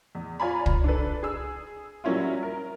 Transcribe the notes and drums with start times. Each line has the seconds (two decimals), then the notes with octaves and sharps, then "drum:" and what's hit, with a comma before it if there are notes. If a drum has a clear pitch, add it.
0.15 E2
0.40 F4 C#5 D5 G#5 A#5 B5
0.66 drum: kick
0.84 D4 A4 B4
1.23 G#4 E6
2.04 F#3 G3 A#3 C#4 E4 F4
2.43 A#4